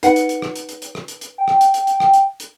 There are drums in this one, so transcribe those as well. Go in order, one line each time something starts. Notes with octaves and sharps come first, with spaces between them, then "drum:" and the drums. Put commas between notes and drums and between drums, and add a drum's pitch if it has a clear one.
D#4 B4 F#5, drum: hi-hat
drum: hi-hat
drum: hi-hat
drum: rim click
drum: hi-hat
drum: hi-hat
drum: hi-hat
drum: rim click
drum: hi-hat
drum: hi-hat
G5
drum: rim click
drum: hi-hat
drum: hi-hat
drum: hi-hat
drum: rim click
drum: hi-hat
drum: hi-hat